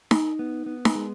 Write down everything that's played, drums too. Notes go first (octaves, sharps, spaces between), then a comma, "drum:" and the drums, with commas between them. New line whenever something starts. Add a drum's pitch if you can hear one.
D#4, drum: snare D#4
B3
B3
drum: snare D#4
G#3